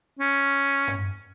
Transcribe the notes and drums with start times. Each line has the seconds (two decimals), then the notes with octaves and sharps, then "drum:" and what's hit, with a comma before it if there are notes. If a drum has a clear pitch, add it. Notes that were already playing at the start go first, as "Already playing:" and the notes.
0.19 C#4
0.87 drum: tom G2